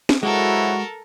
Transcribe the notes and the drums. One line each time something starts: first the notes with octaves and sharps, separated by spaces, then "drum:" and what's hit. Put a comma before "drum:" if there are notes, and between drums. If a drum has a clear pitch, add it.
drum: snare
F3 F#3 G#3 E4 F#4 A4 A#4